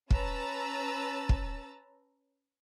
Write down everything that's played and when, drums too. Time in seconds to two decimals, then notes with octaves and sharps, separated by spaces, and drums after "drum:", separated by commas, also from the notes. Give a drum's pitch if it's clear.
0.11 C#4 B4 A5 A#5 E6 A6, drum: kick
1.29 drum: kick